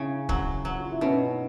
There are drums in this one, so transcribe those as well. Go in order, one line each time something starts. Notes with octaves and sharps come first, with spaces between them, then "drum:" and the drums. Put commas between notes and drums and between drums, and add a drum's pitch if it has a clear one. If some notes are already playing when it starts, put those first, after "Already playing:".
Already playing: C#3 D4 E4
F#3, drum: kick
F#3
F4
E4
B2 C#4 D#4